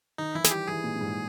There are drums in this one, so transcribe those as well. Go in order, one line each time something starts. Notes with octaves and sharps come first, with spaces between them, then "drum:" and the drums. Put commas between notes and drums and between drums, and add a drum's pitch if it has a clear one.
D#3 D#4
E3 E4
G#4, drum: snare
G3 G4
E3 G#4
A#2
A#2
G#2